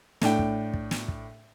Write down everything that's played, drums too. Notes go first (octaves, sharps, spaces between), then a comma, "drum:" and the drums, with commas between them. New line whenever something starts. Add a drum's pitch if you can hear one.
A2 D4 G5, drum: snare
drum: kick
drum: kick
drum: snare
drum: kick